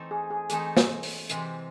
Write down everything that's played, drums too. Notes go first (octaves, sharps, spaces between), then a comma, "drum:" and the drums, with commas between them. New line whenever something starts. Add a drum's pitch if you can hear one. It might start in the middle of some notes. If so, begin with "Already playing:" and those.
Already playing: E3 A3 C4 D#4 A4
G#4
G#4
E3 A3 C4 D#4 G#4 A4, drum: hi-hat
drum: snare
drum: open hi-hat
C3 E3 G#3 C4, drum: hi-hat